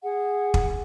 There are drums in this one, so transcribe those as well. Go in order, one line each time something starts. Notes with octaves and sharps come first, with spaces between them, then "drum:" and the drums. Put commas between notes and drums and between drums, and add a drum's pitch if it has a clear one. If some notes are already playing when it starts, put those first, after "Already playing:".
G#4 F#5
drum: kick